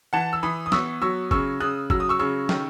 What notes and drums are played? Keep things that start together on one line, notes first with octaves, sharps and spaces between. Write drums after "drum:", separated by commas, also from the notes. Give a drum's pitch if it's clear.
E3 F#5 A5
E6
E3 B5 D#6
D#6
B3 C#6 E6, drum: snare
F#3 C#6 E6
C#3 C#6 E6, drum: kick F#1
C#3 D#6 F#6
F#3 E6, drum: kick F#1
D#6
C#6 E6
C#3 C#6 E6
D#3, drum: snare